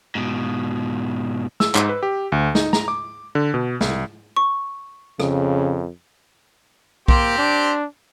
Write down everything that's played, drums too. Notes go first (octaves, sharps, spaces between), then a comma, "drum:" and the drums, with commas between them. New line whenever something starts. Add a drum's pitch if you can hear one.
G#2 B2
E6, drum: snare
G#2, drum: clap
B4
G4
D2
D#4, drum: snare
A#5, drum: snare
D6
D3
B2
C2, drum: snare
C#6
F2 C#3, drum: rim click
A#3 C4 G4 C5, drum: kick B1
D4